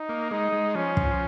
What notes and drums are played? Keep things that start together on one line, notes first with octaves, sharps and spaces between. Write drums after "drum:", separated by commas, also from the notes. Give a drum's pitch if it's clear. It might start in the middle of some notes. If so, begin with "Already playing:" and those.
Already playing: D#4
A#3
G#3 D#4
G#3
F3 C#4
drum: kick